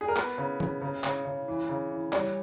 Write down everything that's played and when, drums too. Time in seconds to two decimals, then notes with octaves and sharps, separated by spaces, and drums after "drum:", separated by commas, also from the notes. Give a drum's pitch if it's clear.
0.01 G#4
0.08 A#4
0.16 B3 B4, drum: clap
0.38 C#3
0.60 C#3, drum: tom
0.82 C#3
1.04 C#3, drum: clap
1.25 C#3
1.48 E3
1.69 C#3
1.91 E3
2.12 G3 C#5, drum: clap